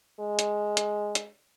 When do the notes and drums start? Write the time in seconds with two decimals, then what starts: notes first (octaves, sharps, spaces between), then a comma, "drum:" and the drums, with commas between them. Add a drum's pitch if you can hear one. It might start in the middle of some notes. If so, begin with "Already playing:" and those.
0.20 G#3
0.39 drum: hi-hat
0.77 drum: hi-hat
1.15 drum: hi-hat